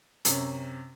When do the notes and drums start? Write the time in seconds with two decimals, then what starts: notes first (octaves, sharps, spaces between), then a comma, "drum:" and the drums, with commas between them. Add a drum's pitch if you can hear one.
0.25 F#2 C3 C#4, drum: hi-hat